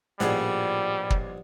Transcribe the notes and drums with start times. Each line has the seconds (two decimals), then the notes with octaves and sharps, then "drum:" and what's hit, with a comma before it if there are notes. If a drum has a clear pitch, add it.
0.20 A1 G2 A#2 F3 G3 G#4 F#5, drum: snare
1.10 drum: kick